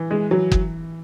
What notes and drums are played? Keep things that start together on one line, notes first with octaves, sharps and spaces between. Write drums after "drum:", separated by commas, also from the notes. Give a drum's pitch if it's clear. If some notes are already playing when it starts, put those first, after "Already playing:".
Already playing: E3
G#3
E3 F#3
drum: kick F#1